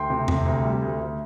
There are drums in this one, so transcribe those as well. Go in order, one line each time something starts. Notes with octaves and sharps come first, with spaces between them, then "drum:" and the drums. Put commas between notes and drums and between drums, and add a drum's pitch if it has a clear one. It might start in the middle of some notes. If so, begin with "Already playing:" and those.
Already playing: D2 G5 C6
C3
C3, drum: tom E2
D2
G3
D2
D2